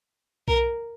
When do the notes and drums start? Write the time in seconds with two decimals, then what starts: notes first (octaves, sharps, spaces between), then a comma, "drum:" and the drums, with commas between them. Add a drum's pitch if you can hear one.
0.48 A#4, drum: kick B1